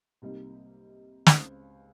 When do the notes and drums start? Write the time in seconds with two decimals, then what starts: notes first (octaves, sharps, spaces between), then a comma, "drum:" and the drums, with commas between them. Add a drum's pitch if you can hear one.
0.22 C2 C3 G3 A#3 D#4
1.27 C#2 C#3 G#3 C4, drum: snare